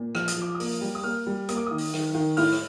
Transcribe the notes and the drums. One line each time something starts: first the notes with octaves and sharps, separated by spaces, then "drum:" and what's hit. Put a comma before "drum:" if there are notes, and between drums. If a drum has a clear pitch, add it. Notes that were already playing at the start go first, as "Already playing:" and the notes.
Already playing: A#2
F3 F6, drum: rim click
D#6, drum: hi-hat
F3 D6
D#6
A#3, drum: open hi-hat
G3
D#6
A#3 F6
G3
A#3 D#6, drum: hi-hat
D6
D#3 D#6
drum: open hi-hat
D#3, drum: rim click
D#3
A2 F6, drum: open hi-hat
drum: rim click